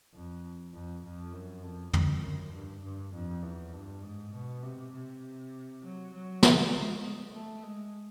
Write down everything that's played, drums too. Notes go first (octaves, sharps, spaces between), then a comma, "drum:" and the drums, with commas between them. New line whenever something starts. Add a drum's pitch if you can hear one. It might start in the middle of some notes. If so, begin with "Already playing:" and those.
F2
F2
F2
F#2
F2
F2, drum: tom
F#2
G2
G2
F2
E2
G2
G#2
B2
C3
C3
F#3
F#3
G3, drum: snare
G#3
A3
G#3